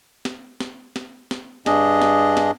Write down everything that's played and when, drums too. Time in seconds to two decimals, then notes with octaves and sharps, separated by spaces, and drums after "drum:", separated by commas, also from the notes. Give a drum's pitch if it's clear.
0.25 drum: snare
0.60 drum: snare
0.96 drum: snare
1.31 drum: snare
1.66 G2 D4 G#4 D#5, drum: snare
2.02 drum: snare
2.37 drum: snare